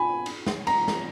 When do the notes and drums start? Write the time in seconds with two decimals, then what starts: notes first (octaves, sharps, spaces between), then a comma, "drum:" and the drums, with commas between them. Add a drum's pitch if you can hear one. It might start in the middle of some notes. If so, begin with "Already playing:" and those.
Already playing: G#5 B5
0.26 drum: cymbal
0.47 drum: snare
0.67 A#5, drum: cymbal
0.88 drum: snare